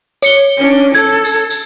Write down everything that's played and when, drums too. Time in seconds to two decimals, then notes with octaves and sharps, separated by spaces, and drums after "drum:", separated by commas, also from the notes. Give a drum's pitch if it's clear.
0.22 C#5 C#7 G7, drum: tambourine
0.57 C#4 D4
0.95 A4 G#6
1.25 drum: tambourine
1.50 drum: tambourine